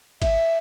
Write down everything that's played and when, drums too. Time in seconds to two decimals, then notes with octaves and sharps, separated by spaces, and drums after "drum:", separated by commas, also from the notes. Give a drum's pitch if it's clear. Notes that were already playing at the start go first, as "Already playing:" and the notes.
0.22 E5, drum: kick G#1, cymbal